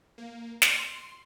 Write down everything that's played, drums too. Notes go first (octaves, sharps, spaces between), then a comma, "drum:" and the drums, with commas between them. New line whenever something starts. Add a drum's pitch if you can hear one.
A#3
C6, drum: snare